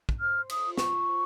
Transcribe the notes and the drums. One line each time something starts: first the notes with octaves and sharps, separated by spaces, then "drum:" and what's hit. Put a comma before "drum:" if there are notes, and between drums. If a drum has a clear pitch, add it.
drum: kick
C5 F6
D#6, drum: cymbal
F4
C#6, drum: snare
C5